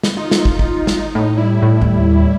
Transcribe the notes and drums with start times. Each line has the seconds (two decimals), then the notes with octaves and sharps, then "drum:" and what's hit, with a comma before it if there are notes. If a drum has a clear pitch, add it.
0.03 drum: snare
0.17 D#4 F4
0.31 drum: snare
0.45 drum: kick
0.59 drum: kick
0.87 drum: snare
1.15 A2
1.37 G3 E4
1.62 A2
1.81 D#2